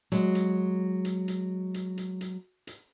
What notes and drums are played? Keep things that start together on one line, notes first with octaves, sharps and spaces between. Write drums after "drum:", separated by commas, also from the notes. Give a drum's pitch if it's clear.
F#3 G#3, drum: hi-hat
drum: hi-hat
drum: hi-hat
drum: hi-hat
drum: hi-hat
drum: hi-hat
drum: hi-hat
drum: hi-hat